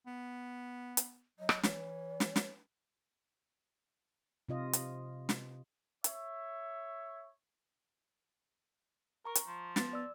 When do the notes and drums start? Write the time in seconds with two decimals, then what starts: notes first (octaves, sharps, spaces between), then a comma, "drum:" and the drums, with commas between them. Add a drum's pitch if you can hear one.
0.06 B3
0.97 drum: hi-hat
1.40 F#3 D#5
1.49 drum: rim click
1.63 E3 C#5, drum: snare
2.20 drum: snare
2.36 drum: snare
4.49 C3 F4 D#5
4.73 drum: hi-hat
5.29 drum: snare
6.04 C#5 E5, drum: hi-hat
9.25 A#4 A#5 C#6
9.35 drum: hi-hat
9.47 F3
9.76 B3 A6, drum: snare
9.93 D5 E6